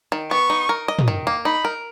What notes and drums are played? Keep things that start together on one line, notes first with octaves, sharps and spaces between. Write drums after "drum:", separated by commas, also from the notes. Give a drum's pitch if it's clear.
D#3
B3 C#6
D#4
A#4
D#5
drum: tom
D#3
A#3
D#4 B5
A#4